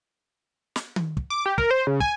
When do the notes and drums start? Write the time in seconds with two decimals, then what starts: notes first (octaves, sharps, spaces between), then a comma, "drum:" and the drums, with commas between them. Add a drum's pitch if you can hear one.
0.76 drum: snare
0.96 drum: tom D#3
1.17 drum: kick
1.30 D6
1.46 G4
1.58 A#4, drum: kick
1.71 C5
1.87 C#3
2.00 G#5, drum: kick